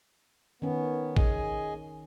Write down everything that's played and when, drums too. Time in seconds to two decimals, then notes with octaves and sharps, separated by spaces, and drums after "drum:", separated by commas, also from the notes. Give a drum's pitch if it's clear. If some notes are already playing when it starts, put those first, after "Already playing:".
0.62 D#3 B3 C#4
1.17 G#4 D#5 G#5, drum: kick A1